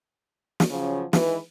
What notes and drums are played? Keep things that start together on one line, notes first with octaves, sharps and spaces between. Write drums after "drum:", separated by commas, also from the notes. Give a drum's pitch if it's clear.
drum: snare
C#3 F3 F#3 C#4
D#3 E3 G#3 B4, drum: snare